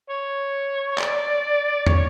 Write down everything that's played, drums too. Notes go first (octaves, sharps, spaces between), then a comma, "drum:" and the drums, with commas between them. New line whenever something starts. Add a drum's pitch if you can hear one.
C#5
D5, drum: clap
C#5, drum: tom